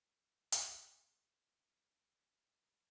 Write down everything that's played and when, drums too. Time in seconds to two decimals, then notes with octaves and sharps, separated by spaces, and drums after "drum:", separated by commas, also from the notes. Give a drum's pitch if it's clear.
0.52 drum: hi-hat
0.74 D#2
0.95 D#2
1.23 F1
1.39 D#3
1.55 C#2
1.75 C2
1.95 D#2
2.29 B2
2.43 B3
2.71 E1